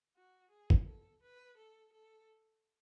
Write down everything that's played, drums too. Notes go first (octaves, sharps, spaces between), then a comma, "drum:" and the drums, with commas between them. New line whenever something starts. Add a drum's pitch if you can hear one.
F#4
G#4
drum: kick A1
A4
B4
A4
A4